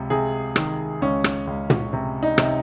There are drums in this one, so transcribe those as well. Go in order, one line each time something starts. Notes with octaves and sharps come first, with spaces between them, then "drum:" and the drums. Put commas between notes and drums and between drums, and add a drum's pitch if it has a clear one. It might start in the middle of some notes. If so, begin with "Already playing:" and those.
Already playing: C#2 C3
C3 G#4
D#3, drum: rim click
C#2 C#4
drum: rim click
C#2
drum: tom
C3
D#4
C3, drum: rim click